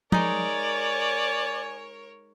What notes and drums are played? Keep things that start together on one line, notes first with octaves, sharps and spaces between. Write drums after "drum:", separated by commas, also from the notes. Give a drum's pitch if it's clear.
G#3 D#4 A#4 C#5 D5 G#5, drum: tom